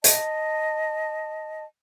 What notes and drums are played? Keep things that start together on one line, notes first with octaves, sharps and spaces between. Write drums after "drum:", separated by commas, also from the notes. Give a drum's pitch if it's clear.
D#5 A5, drum: hi-hat